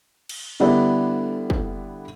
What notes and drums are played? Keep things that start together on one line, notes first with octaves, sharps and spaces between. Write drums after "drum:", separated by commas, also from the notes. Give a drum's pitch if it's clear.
drum: cymbal
D3 G3 B3 D4 E4
drum: kick